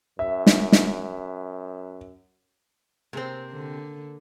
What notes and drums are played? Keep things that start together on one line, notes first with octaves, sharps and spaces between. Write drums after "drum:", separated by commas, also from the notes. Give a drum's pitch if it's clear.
F#2 E5
drum: snare
drum: snare
C3 A#3 C4 G#4 C5
D3